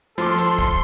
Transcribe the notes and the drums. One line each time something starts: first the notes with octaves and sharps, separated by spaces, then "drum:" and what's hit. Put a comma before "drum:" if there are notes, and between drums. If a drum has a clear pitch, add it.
F3 A4 C6 D6, drum: hi-hat
drum: hi-hat
drum: kick